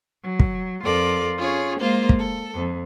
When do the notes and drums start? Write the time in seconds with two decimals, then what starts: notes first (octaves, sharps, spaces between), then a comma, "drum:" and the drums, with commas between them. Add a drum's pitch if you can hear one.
0.22 F#3
0.40 drum: kick
0.82 F2 F4 A4 A#4 D5
1.37 C#4 F4 G#4 C#5
1.79 G#3 A#3 F4 C5
2.09 drum: kick
2.19 A4
2.53 F2